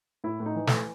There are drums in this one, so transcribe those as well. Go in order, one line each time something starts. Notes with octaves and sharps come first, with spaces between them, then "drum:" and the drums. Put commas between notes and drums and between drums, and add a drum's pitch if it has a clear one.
A2 E4
A2
D#4
E3
A3, drum: snare
E3